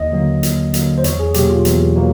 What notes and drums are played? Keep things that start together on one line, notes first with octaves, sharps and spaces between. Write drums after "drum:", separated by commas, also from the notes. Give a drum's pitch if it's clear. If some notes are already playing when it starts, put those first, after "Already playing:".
Already playing: D#2 D#5
D3 F#3 A#3
D#2, drum: hi-hat
D3 F#3 A#3, drum: hi-hat
C5
E2 C#5, drum: hi-hat
G#4
B2 F#3 A#3 G4, drum: hi-hat
F4
E2, drum: hi-hat
B2 F#3 A#3